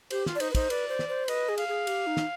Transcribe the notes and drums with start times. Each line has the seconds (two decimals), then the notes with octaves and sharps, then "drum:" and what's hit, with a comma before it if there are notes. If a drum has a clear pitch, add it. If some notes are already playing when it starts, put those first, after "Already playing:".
0.10 G4 C5, drum: cymbal
0.26 F4, drum: snare
0.35 D5
0.40 D#4 C5, drum: cymbal
0.51 B4
0.55 D#4 C5, drum: kick, cymbal
0.70 B4 D5, drum: cymbal
0.89 C5
0.99 drum: snare
1.09 C5
1.28 B4 D#5, drum: cymbal
1.49 G#4
1.58 F5, drum: cymbal
1.68 G#4
1.87 G4, drum: cymbal
2.07 D#4
2.17 drum: snare